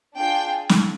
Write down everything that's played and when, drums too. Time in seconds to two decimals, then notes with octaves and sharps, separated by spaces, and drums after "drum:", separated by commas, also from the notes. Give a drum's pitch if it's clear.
0.16 D4 F4 G#4 G5
0.69 drum: snare